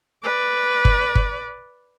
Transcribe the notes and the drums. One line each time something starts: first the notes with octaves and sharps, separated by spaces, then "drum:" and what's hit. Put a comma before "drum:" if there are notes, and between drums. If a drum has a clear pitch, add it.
B4 D5
drum: kick G1
drum: kick G1